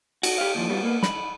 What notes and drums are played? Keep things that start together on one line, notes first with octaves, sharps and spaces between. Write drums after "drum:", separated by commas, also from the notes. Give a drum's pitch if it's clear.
F#4, drum: cymbal
G4 F5
D#2 F3
G3 B3 F4 F#4
A#3 B3
B5, drum: snare